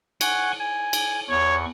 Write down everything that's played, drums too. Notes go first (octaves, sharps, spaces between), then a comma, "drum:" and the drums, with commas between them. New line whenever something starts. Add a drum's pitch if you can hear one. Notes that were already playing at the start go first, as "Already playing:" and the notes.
F#5 G#5 C#6, drum: cymbal
G#5
drum: cymbal
E2 C#5 C#6